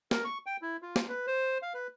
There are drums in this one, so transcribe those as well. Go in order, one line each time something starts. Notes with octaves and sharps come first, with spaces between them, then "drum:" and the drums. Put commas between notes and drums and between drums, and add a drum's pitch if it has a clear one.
A#4, drum: snare
C#6
G5
E4
F4
drum: snare
B4
C5
F5
B4